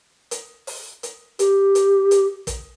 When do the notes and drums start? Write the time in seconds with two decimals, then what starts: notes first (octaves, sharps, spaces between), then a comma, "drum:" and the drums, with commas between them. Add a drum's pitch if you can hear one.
0.31 drum: hi-hat
0.67 drum: open hi-hat
1.03 drum: hi-hat
1.39 G4, drum: hi-hat
1.75 drum: hi-hat
2.11 drum: hi-hat
2.47 drum: kick, hi-hat